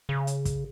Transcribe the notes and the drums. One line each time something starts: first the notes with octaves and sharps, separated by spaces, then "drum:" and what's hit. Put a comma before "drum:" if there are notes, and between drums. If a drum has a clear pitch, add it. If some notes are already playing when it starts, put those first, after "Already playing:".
C#3
drum: hi-hat
drum: kick, hi-hat